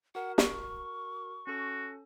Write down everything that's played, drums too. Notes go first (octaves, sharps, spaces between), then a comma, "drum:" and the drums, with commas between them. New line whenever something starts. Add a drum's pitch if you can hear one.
F#4 A#4 F#5
C#6, drum: snare
C#4 F#4 A4